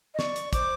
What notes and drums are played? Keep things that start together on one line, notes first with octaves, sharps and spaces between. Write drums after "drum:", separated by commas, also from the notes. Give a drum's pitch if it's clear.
D#5
D5 C#6, drum: snare
drum: hi-hat
C5 D6, drum: kick, hi-hat